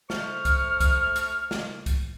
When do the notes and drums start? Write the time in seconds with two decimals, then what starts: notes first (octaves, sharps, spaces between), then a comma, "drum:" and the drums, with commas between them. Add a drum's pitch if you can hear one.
0.10 A3 C5 C#6 F6, drum: snare
0.45 drum: kick C2, hi-hat
0.80 drum: kick C2, hi-hat
1.16 drum: hi-hat
1.51 drum: snare
1.86 drum: kick C2, hi-hat